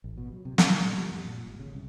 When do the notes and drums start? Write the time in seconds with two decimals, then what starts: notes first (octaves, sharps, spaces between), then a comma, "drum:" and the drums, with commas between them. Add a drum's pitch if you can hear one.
0.04 A1
0.17 B2
0.32 F#3
0.45 C3
0.58 C3, drum: snare
0.81 A#2
0.98 G3
1.12 F#2
1.25 A#2
1.47 G#1
1.59 C#3
1.74 C2